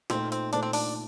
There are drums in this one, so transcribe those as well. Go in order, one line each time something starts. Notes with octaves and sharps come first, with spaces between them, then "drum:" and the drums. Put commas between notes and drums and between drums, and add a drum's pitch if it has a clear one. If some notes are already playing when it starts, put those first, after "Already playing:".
A#2 A3 C4 D#4 A4 C5, drum: snare
C4, drum: hi-hat
A#2 A3 D4 D#4 A4 C5, drum: hi-hat
C4
D4, drum: open hi-hat